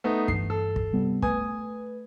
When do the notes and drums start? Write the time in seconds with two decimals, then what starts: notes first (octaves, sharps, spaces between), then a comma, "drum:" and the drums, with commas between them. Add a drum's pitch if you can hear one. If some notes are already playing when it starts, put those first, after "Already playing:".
0.04 A3 B3 D#4
0.28 G2 E3 C7, drum: kick
0.50 A4
0.76 drum: kick
0.93 C3 G3 B3
1.22 A3 B4 G#5 D#6 G#6, drum: kick